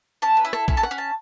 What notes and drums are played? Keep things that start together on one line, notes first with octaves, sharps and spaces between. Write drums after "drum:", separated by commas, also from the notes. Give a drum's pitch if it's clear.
C#4 A5
B4
E4
A4, drum: rim click
C#4 A4, drum: kick
A5
F#5, drum: rim click
C#4
A5